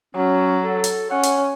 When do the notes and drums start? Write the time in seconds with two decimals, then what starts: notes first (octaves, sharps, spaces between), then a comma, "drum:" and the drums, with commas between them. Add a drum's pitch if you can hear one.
0.15 F#3 C#4
0.64 A4
0.84 drum: hi-hat
1.11 C#4 F#5
1.23 drum: hi-hat